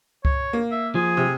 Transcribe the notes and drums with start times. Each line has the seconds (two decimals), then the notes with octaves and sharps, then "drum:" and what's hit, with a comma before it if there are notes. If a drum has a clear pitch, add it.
0.25 C#5, drum: kick C#2
0.53 A#3
0.71 E5
0.95 F3 G#4
1.17 C3